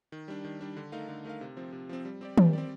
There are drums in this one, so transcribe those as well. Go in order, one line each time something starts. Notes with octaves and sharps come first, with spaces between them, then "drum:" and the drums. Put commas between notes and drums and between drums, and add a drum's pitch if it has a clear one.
D#3
G3 D4
D#3
G3 D4
D3
A3 D#4 A#4 F5
D3
A3 D#4 A#4 F5
C3
F3 C4
C3
F3 C4
G3
C4 G4 D5
G3, drum: tom D#3
C4 G4 D5